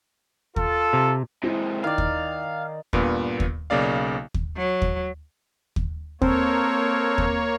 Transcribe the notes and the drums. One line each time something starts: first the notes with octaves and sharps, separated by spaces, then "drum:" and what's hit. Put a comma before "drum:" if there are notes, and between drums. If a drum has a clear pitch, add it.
F4 A4, drum: kick
C3
C3 G#3 E4
D#3 D5 F5
drum: kick
G2 A#2 B3, drum: kick
drum: kick
B1 C#3 A#3 D5 F5
drum: kick
F#3
drum: kick
drum: kick
A#3 C4 A4 A#4 C5 C#5, drum: kick
drum: kick